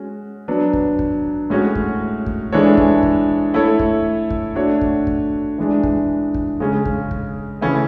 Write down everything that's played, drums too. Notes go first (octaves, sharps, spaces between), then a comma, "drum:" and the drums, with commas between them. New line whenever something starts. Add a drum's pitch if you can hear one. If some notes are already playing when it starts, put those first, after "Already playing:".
Already playing: G#3 C#4 F#4
F#3 B3 D4
drum: kick
drum: kick
A2 G#3 C#4 F#4 C#5
drum: kick
drum: kick
E3 G#3 D4 A4 C#5
drum: kick
drum: kick
A3 E4 A4 C#5
drum: kick
drum: kick
A3 D4 F#4 C#5
drum: kick
drum: kick
E3 G#3 D4
drum: kick
drum: kick
C#3 G#3 C#4
drum: kick
drum: kick
C#3 E3 A3 C#4 E4